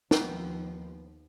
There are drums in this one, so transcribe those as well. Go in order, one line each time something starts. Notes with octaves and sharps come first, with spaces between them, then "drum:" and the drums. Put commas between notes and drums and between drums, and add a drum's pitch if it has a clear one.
D#2 F3 B3 G5, drum: snare